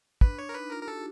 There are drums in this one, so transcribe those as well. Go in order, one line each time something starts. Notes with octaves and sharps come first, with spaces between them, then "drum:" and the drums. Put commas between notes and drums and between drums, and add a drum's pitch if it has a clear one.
D4 B4, drum: kick
D4 C#5
D4 A#4
D#4 B4
F4 A#4
G4 A#4
F#4 A4